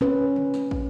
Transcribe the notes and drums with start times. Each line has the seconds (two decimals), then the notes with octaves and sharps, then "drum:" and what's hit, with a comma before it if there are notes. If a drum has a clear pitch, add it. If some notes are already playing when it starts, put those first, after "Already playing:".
0.01 C#4 B4
0.36 drum: tom
0.54 drum: snare
0.71 drum: kick